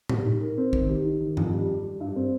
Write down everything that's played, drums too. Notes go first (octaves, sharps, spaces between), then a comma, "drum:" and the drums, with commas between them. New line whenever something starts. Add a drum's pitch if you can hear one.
G3, drum: tom A2
D#4
A#4
C4
D#3, drum: kick A#1
G4
D#4
D#3
F2, drum: tom G2
G3
G4
G3
G2
C4